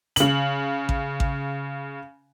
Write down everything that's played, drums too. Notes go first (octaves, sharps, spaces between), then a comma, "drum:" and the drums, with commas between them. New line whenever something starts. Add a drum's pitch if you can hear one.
C#3 F#7, drum: hi-hat
drum: kick A1
drum: kick A1